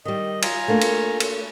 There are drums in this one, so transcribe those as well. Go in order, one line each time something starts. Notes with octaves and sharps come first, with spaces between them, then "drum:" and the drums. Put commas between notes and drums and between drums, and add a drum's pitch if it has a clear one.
D#3 G3 D#5
F4 G#5 A#5, drum: cymbal
A3 A#3 D4
drum: cymbal
drum: cymbal